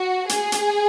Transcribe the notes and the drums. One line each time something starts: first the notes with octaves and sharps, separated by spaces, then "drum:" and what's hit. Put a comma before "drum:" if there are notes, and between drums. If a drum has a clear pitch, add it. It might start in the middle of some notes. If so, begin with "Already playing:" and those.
Already playing: F#4
G#4, drum: hi-hat
drum: hi-hat